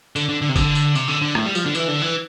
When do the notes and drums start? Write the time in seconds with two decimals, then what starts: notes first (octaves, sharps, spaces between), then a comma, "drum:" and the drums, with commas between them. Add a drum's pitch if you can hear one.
0.16 D3, drum: tambourine
0.29 D3
0.42 D3
0.49 C3
0.56 D3, drum: kick F#1, tambourine
0.75 drum: tambourine
0.95 C3, drum: tambourine
1.08 D3
1.22 D3
1.35 A2, drum: rim click
1.46 G3
1.55 F3, drum: tambourine
1.66 D3
1.75 E3, drum: tambourine
1.88 D3
2.02 E3